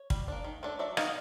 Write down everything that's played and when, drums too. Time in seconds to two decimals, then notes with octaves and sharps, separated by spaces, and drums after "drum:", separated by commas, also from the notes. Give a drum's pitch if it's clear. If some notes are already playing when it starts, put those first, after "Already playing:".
Already playing: C#5
0.10 G3, drum: kick
0.28 A#3 D4
0.44 D#3
0.63 F#3 A3 D4
0.79 F#3 D5 E5
0.97 B3 D#4 D#5 F5, drum: rim click